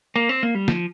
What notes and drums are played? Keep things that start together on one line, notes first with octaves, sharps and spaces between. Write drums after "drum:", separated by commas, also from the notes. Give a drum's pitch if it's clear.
A#3
C4
A#3
G3
F3, drum: snare